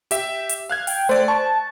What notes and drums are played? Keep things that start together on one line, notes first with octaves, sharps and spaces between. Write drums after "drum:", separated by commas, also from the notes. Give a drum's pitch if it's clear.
G4 E5, drum: hi-hat
drum: hi-hat
F5 F#6 G#6
G5, drum: open hi-hat
A3 C5 D5
A5 C#6